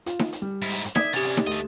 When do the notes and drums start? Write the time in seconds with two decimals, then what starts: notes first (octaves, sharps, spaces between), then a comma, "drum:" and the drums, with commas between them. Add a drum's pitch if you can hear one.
0.06 F4, drum: hi-hat
0.19 drum: snare D#4
0.33 drum: hi-hat
0.42 G3
0.62 G#2 E4
0.72 drum: hi-hat
0.85 drum: hi-hat
0.96 D5 E5 D#6 G#6, drum: snare D#4
1.13 C3 C#4 G4 A6, drum: hi-hat
1.24 drum: hi-hat
1.37 drum: snare D#4
1.47 D2 A3 D#5